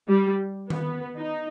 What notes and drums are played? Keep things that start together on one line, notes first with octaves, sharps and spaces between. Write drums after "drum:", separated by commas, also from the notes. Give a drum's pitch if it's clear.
G3
B3, drum: tom D#3
D#4